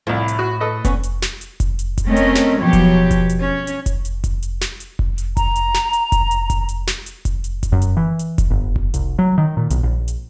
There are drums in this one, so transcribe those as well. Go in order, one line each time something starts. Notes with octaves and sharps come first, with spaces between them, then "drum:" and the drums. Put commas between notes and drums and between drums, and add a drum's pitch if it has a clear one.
C2 A2 F3
drum: hi-hat
F#4
A4 B4 D#5
B3 C#4, drum: kick F1, hi-hat
drum: hi-hat
drum: snare
drum: hi-hat
drum: kick F1, hi-hat
drum: hi-hat
drum: kick F1, hi-hat
A3 C4 C#4 A#4 D#5
drum: hi-hat
drum: snare
B2 F3 F#3 G4 C#5
drum: kick F1, hi-hat
drum: kick F1, hi-hat
drum: hi-hat
C#4
drum: hi-hat
drum: kick F1, hi-hat
drum: hi-hat
drum: kick F1, hi-hat
drum: hi-hat
drum: snare
drum: hi-hat
drum: kick F1
drum: hi-hat
A#5, drum: kick F1, hi-hat
drum: hi-hat
drum: snare
drum: hi-hat
drum: kick F1, hi-hat
drum: hi-hat
drum: kick F1, hi-hat
drum: hi-hat
drum: snare
drum: hi-hat
drum: kick F1, hi-hat
drum: hi-hat
drum: kick F1, hi-hat
F#2
drum: hi-hat
E3
drum: hi-hat
drum: kick F1, hi-hat
G1
drum: kick F1
C2, drum: hi-hat
F#3
D#3
A#2
B1, drum: hi-hat
A#1
drum: hi-hat